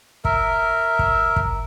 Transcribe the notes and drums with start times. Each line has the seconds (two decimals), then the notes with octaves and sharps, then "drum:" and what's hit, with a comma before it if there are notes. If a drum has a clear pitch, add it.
0.25 A#4 E5, drum: kick
0.99 drum: kick
1.36 drum: kick